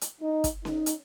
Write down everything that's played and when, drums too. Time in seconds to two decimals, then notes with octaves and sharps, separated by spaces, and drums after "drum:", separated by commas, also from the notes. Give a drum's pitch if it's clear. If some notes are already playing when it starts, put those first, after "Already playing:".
0.01 drum: hi-hat
0.20 D#4
0.44 drum: kick, hi-hat
0.65 D#4, drum: snare C#4
0.86 drum: hi-hat